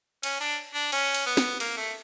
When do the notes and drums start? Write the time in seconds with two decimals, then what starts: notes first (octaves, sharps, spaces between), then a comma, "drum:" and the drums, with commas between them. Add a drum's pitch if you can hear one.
0.23 C#4, drum: cymbal
0.40 D4
0.74 D4
0.92 C#4, drum: cymbal
1.14 drum: cymbal
1.26 B3
1.37 drum: snare
1.60 A#3, drum: cymbal
1.77 A3